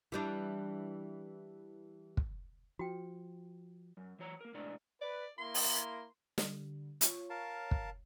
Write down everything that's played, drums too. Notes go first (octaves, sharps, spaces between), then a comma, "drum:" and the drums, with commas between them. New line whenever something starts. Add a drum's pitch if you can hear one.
E3 G3 D4
drum: kick
F3 F#4 G5
F#2
E3 F#3 C#5 A#5
A#3 A#4
A2 C3 G#3 D4 D5 A#5
B4 D5
A#3 E4 A#4 C6
drum: open hi-hat
D3 G3, drum: snare
F4 C#5, drum: hi-hat
A#4 F5 A5
drum: kick